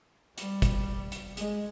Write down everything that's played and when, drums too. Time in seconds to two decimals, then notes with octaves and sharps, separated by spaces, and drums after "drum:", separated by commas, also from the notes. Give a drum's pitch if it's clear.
0.38 G3, drum: hi-hat
0.62 drum: kick G1, hi-hat
1.12 drum: hi-hat
1.37 G#3, drum: hi-hat